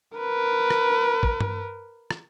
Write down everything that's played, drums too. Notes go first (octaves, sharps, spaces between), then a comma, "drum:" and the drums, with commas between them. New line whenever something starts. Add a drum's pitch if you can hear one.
A#4 B4
drum: rim click
drum: kick
drum: tom G2
drum: rim click